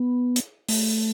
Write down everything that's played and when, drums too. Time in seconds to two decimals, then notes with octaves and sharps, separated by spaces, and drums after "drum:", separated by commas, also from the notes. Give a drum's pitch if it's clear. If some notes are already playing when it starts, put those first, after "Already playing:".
Already playing: B3
0.36 drum: hi-hat
0.68 A3, drum: open hi-hat